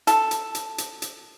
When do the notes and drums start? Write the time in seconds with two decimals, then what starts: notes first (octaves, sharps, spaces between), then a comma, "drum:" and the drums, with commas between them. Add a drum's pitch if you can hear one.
0.07 A4, drum: hi-hat
0.31 drum: hi-hat
0.55 drum: hi-hat
0.78 drum: hi-hat
1.02 drum: hi-hat